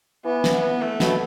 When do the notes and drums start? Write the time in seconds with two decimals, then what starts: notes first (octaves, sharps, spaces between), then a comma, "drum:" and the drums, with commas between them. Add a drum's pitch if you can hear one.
0.25 E3 B3
0.44 drum: snare
0.54 B3
0.82 A3
1.00 B2, drum: snare